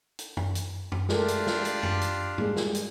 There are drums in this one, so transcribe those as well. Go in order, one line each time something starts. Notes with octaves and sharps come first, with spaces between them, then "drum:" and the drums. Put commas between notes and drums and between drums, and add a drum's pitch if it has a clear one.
drum: hi-hat
drum: tom
drum: hi-hat
drum: tom
G#3 A3 D4 F4 G4 A#4, drum: snare
drum: hi-hat
drum: snare
drum: hi-hat
drum: tom
drum: hi-hat
G3 G#3, drum: tom G#2
drum: snare
drum: hi-hat